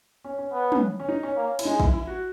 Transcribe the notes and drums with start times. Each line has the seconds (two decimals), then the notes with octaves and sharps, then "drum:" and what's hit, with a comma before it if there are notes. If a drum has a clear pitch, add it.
0.24 C#4
0.38 C#4
0.52 B3
0.72 drum: tom
1.00 C#4
1.09 D#4
1.23 C#4
1.37 A#3
1.59 E4, drum: cymbal
1.65 G#3 D#4
1.80 E4, drum: kick
1.93 E4
2.07 F#4